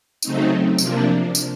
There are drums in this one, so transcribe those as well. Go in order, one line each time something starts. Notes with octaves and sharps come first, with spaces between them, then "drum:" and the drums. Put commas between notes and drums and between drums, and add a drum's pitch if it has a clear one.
C#3 F#3 A3 C4 D#4, drum: tambourine
C3 F3 A#3 D4, drum: tambourine
drum: tambourine